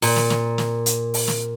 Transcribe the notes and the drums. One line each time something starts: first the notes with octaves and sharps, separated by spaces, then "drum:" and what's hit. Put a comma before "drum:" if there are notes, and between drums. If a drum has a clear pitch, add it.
A#2, drum: open hi-hat
drum: snare
drum: snare
drum: snare
drum: hi-hat
drum: open hi-hat
drum: snare